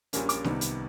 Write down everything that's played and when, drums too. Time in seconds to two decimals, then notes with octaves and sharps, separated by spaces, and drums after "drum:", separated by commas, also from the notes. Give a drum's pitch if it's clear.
0.13 A#1 A#2 G3 A#3 C#4, drum: hi-hat
0.29 D6, drum: hi-hat
0.44 C2 C3 D#3 G3 B3, drum: snare
0.61 drum: hi-hat